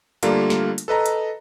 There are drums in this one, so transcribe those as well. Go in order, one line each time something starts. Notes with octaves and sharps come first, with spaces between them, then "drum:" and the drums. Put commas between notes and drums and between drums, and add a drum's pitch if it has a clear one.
D3 G3 A3 A#3 F4 A#4, drum: hi-hat
drum: snare
drum: hi-hat
A4 B4 D#5 A#5
drum: hi-hat